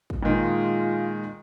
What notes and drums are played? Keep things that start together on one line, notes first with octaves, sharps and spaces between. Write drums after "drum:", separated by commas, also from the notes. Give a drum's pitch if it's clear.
drum: kick
A#2 D#3 G#3 F4